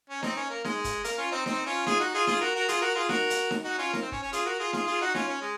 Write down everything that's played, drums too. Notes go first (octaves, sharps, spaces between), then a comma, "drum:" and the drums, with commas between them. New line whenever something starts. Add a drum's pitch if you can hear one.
C#4
C4 D#4, drum: snare D#4
C#4
A#3
G#3, drum: snare D#4
drum: kick, hi-hat
A#3, drum: hi-hat
C#4 F4
C4 D#4
C4 D#4, drum: snare D#4
C#4 F4
F4 G#4, drum: snare D#4
D#4 F#4
F4 G#4
F4 G#4, drum: snare D#4
F#4 A#4
F#4 A#4
F4 G#4, drum: hi-hat
F#4 A#4
F4 G#4
F#4 A#4, drum: snare D#4
drum: hi-hat
drum: snare D#4
D#4 F#4
C#4 F4
A#3, drum: snare D#4
C4
C#4, drum: kick
C#4
F4 G#4, drum: hi-hat
F#4 A#4
F4 G#4
F4 G#4, drum: snare D#4
F4 G#4
D#4 F#4
C#4 F4, drum: snare D#4
C#4
G#3